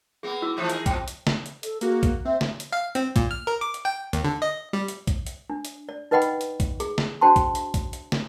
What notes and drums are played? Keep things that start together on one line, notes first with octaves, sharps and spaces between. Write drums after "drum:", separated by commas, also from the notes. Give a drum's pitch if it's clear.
A#3 B3 G#4
E4 F#4 E6
E3 F3 A3 D#6
D#4 G#4 A#4, drum: hi-hat
B2 F3 G5, drum: kick, hi-hat
drum: hi-hat
drum: snare
drum: hi-hat
A4, drum: hi-hat
A#3 F#4 G#4, drum: hi-hat
drum: kick, hi-hat
C4 E5
drum: snare
drum: hi-hat
F5
C4, drum: hi-hat
A#2, drum: kick, hi-hat
F6
A#4
D6
drum: hi-hat
G5
D#2, drum: hi-hat
D3
D#5
G3
drum: hi-hat
drum: kick, hi-hat
drum: hi-hat
D4
drum: hi-hat
D5
D#4 B4 D#5 F#5 G5 B5
drum: hi-hat
drum: hi-hat
drum: kick, hi-hat
G#4, drum: hi-hat
drum: snare
D4 F#4 C5 G5 A5 C6
drum: kick, hi-hat
drum: hi-hat
drum: kick, hi-hat
drum: hi-hat
drum: snare